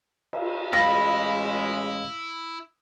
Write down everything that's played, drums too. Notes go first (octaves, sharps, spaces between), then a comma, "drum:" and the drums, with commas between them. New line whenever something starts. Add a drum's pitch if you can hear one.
drum: cymbal
A1 C#3 G#3 E4 F5 B5 A6 A#6